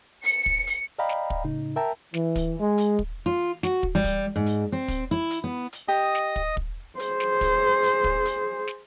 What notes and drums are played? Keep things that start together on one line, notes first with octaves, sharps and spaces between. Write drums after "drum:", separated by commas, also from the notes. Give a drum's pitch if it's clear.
C#7, drum: hi-hat
drum: kick
drum: hi-hat
D5 D#5 F5 G5 A#5 B5
drum: snare
drum: kick
A2 C#3 D#4
A#4 E5 G5 A5 A#5
E3, drum: snare
drum: kick, hi-hat
G#3
drum: hi-hat
drum: kick
F4
F#4, drum: snare
drum: kick
G3
drum: kick, hi-hat
G#2
drum: hi-hat
C4
drum: kick, hi-hat
E4
drum: hi-hat
B3
drum: hi-hat
G4 D#5 D#6
drum: snare
drum: kick
drum: kick
G#4 C5, drum: hi-hat
drum: snare
drum: kick, hi-hat
drum: hi-hat
drum: kick
drum: hi-hat
drum: snare